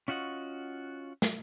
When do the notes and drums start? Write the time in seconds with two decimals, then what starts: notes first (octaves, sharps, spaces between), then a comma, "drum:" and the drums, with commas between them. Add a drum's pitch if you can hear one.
0.08 C#4 F4 F#4 D#5 F#5
1.22 drum: snare